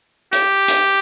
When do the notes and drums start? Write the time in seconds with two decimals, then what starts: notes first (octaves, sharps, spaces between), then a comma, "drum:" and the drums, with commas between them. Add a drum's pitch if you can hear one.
0.33 G4, drum: hi-hat
0.68 drum: hi-hat